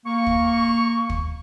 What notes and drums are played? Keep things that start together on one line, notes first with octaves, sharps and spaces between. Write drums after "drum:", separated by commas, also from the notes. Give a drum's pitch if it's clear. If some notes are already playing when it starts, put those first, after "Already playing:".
A#3 C#6
drum: kick
drum: kick